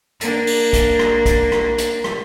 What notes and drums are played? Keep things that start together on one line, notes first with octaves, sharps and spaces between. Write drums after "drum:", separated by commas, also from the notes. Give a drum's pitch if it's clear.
A#3 D4, drum: hi-hat
drum: open hi-hat
drum: kick, hi-hat
drum: rim click
drum: kick, hi-hat
drum: rim click
drum: hi-hat
drum: rim click